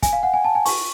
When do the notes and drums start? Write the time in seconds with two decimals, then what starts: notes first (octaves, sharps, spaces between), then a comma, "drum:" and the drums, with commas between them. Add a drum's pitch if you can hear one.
0.03 G#5, drum: kick, hi-hat
0.13 F5
0.23 F#5
0.34 G#5
0.44 A5
0.55 G#5
0.65 C#6, drum: open hi-hat